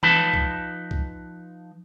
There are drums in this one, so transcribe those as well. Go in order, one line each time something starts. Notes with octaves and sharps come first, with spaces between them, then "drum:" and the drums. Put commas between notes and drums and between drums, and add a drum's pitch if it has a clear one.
F3 D#4 B4 A5, drum: tom E3
drum: kick C2
drum: kick C2